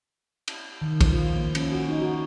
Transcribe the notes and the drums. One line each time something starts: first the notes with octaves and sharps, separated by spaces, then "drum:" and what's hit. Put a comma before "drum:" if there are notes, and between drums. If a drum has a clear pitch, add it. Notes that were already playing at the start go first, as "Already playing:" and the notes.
drum: cymbal
D#3
F3, drum: kick A#1, cymbal
F4
A#3
C#4, drum: cymbal
F#4
D#4
F#4